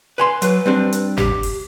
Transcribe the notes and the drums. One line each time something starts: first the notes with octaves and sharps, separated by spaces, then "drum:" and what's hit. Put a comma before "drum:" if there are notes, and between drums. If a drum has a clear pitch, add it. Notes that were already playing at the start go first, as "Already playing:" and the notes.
B4 G#5 C6
F#3 B4, drum: hi-hat
G3 C4 D4
drum: hi-hat
G4, drum: tom
drum: open hi-hat